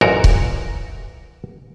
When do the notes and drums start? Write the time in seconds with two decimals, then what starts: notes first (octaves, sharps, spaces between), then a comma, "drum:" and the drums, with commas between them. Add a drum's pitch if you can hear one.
0.01 A1 F#2 A#2 F#4 A#4
0.24 drum: kick C#1